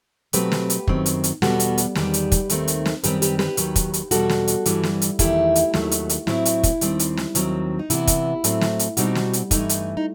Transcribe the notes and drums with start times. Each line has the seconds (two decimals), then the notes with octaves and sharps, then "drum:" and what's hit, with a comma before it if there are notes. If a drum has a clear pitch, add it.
0.33 B2 F#3 A3 C4 G4 B4, drum: hi-hat
0.52 drum: snare
0.70 drum: hi-hat
0.88 F#2 D#3 F#3 C4, drum: kick
1.06 drum: hi-hat
1.24 drum: hi-hat
1.42 E2 B2 G3 B3 F#4 A4, drum: snare
1.60 drum: hi-hat
1.78 drum: hi-hat
1.95 E2 D#3 G3 G4 B4, drum: snare
2.14 drum: hi-hat
2.32 drum: kick, hi-hat
2.50 D#2 D#3 A3 C4, drum: hi-hat
2.68 drum: hi-hat
2.86 drum: snare
3.04 F#2 D#3 G3 C4 G4 B4, drum: hi-hat
3.22 G4 B4, drum: hi-hat
3.39 G4 B4, drum: snare
3.57 D#2 D#3 F#3, drum: hi-hat
3.76 drum: kick, hi-hat
3.94 drum: hi-hat
4.11 E2 B2 G3 F#4 A4, drum: hi-hat
4.30 drum: snare
4.48 drum: hi-hat
4.66 G2 E3 G3, drum: hi-hat
4.84 drum: snare
5.02 drum: hi-hat
5.19 E2 D#3 A3 E4 G4, drum: kick, hi-hat
5.55 drum: hi-hat
5.74 D#2 D#3 F#3 A3, drum: snare
5.91 drum: hi-hat
6.09 drum: hi-hat
6.27 A2 F#3 C4 E4, drum: snare
6.45 drum: hi-hat
6.63 drum: kick, hi-hat
6.81 D#2 D#3 G3 C4, drum: hi-hat
6.99 drum: hi-hat
7.17 drum: snare
7.35 D#2 D#3 F#3 C4, drum: hi-hat
7.79 D#4
7.90 C3 E3 B3 E4, drum: hi-hat
8.07 drum: kick, hi-hat
8.44 A2 F#3 A3 C4, drum: hi-hat
8.61 drum: snare
8.79 drum: hi-hat
8.97 B2 G3 C4 D#4 F#4, drum: hi-hat
9.15 drum: snare
9.33 drum: hi-hat
9.51 G2 E3 A3 D#4, drum: kick, hi-hat
9.69 drum: hi-hat
9.97 D#4